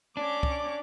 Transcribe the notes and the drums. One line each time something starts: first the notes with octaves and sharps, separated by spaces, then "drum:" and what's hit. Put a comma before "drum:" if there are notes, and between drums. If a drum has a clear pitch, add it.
C#4 D4 D6
drum: kick